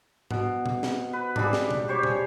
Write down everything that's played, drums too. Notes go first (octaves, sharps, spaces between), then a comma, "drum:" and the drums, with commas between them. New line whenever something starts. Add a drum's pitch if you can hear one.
B2, drum: tom G#2
drum: tom A#2
drum: snare
B4
G3 G#3 D4, drum: tom G#2
drum: snare
drum: tom
G4 C5 C#5
G#4, drum: tom A#2